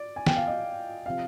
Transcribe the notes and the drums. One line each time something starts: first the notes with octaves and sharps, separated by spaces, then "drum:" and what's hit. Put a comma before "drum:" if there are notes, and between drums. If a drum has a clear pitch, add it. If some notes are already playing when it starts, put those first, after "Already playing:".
Already playing: D5
G#5
G5, drum: snare
F5
D#5
C3 F3 F5